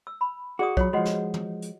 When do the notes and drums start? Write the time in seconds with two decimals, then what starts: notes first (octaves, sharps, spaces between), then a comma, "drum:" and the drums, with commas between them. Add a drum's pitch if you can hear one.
0.07 E6
0.21 B5
0.59 F#4 G#4 D5 D#6
0.77 F#3 F4 C#5, drum: kick
0.93 F3 G#3 F#4 D#5 F#5
1.05 drum: snare
1.34 drum: tom
1.62 drum: hi-hat